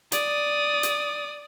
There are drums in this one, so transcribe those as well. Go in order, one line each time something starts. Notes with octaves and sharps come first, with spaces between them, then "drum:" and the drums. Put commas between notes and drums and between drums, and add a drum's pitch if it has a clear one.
D5 D#6, drum: hi-hat
drum: hi-hat